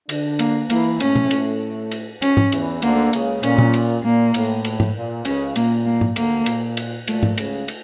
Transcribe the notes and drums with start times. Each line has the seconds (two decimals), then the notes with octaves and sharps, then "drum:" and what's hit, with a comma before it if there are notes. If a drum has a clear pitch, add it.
0.09 D3 D4, drum: cymbal
0.39 A#3, drum: cymbal
0.70 E3 A#3 E4, drum: cymbal
1.00 A2 A3 C#4, drum: cymbal
1.16 drum: tom
1.31 A2 A3, drum: cymbal
1.91 drum: cymbal
2.22 C#4, drum: cymbal
2.37 drum: tom G#2
2.52 E2 E3, drum: cymbal
2.82 D2 D3 A#3, drum: cymbal
3.13 C#2 C#3, drum: cymbal
3.43 A#2 C#4, drum: cymbal
3.58 drum: tom A#2
3.74 drum: cymbal
4.04 A#2 A#3
4.34 A2, drum: cymbal
4.65 drum: cymbal
4.80 drum: tom G#2
4.95 A#2
5.25 C#2 C#3 C#4, drum: cymbal
5.56 A#2 A#3, drum: cymbal
5.86 A#3
6.01 drum: tom G#2
6.16 D2 D3 A#3, drum: cymbal
6.46 A#2, drum: cymbal
6.77 drum: cymbal
7.08 A#2 A3, drum: cymbal
7.23 drum: tom G#2
7.38 C#2 C#3, drum: cymbal
7.68 drum: cymbal